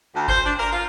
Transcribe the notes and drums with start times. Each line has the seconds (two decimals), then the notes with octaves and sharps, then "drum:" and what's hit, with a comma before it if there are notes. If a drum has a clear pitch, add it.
0.14 D2
0.28 C5, drum: kick G1
0.45 D4
0.59 A#4
0.72 F4